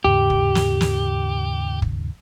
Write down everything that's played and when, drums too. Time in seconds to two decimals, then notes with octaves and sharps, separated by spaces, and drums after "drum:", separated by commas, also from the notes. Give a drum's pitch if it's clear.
0.04 D#2 G#2 C#3 G4
0.30 drum: kick
0.55 drum: snare
0.81 drum: snare
1.82 drum: kick